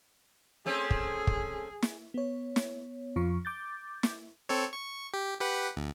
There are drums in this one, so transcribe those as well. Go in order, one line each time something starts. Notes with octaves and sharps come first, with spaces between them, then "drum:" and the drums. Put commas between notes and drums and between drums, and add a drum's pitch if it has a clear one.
A3 C4 C#4 G#4
drum: kick
drum: kick
drum: snare
B3 C#5
drum: snare
F2 F3 C#6
D6 G6 A6
drum: snare
C4 A4 C#5
C#6
G4
G4 B4 F#5
D2